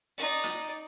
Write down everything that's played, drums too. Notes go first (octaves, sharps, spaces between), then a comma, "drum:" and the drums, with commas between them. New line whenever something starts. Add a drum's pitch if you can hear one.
D#4 D5
drum: hi-hat